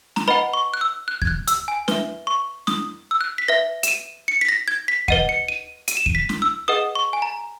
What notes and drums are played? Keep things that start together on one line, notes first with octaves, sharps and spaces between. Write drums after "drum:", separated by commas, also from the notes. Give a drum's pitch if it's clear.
A#5, drum: snare
B4 D#5 F#5 B5
C#6
F#6
E6
F#6
G#6, drum: kick D#2
F#6
E6, drum: hi-hat
G#5
B4 E5, drum: snare
C#6
D#6, drum: snare
E6
F#6
B6
B4 E5 A#6
E7, drum: hi-hat
D#7
C#7
B6
A#6
G#6
B6
B4 D#5 F#5 D#7, drum: kick D#2
C#7
D#7
D#7, drum: hi-hat
E7
D#7, drum: kick D#2
B6
drum: snare
E6
G#4 B4 D#5 F#5 D#6
C#6
G#5
A#5